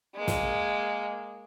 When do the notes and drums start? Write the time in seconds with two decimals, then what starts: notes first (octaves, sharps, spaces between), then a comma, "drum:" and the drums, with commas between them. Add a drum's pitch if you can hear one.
0.15 G#3 A#3
0.28 drum: snare